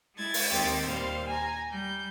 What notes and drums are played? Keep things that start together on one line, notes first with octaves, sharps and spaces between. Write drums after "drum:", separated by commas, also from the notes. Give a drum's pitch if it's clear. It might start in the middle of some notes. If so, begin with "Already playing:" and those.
G#3 E4 G#6 A6
drum: open hi-hat
D#2 D#3 C4 G4 A6
D#2 A#2 G3 C5 F5
G#5 A#5
G3 G6